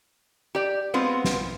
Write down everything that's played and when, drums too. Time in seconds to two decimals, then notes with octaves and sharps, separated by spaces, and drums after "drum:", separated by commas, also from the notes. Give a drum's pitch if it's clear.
0.55 G4 D5
0.94 G#3 B3 C4 F4
1.24 drum: snare